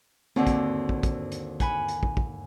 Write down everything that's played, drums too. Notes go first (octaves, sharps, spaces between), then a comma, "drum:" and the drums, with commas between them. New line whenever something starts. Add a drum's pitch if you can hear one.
D#2 D3 C4 F#4 D5
drum: kick, hi-hat
drum: kick
drum: kick, hi-hat
drum: hi-hat
F#5 G#5 B5, drum: kick, hi-hat
drum: hi-hat
drum: kick
drum: kick